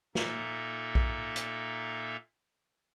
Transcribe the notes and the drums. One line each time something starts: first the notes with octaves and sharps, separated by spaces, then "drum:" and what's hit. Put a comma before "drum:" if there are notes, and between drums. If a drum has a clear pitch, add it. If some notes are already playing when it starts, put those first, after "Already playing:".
A#2 A#3 D#4 A4 E5, drum: snare
drum: kick A#1
drum: hi-hat